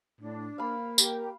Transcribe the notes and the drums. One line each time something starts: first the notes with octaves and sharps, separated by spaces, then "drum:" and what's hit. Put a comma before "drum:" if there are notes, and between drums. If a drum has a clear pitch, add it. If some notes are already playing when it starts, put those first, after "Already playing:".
A2 D4
A#3 F5 B5
G4 A#4, drum: tambourine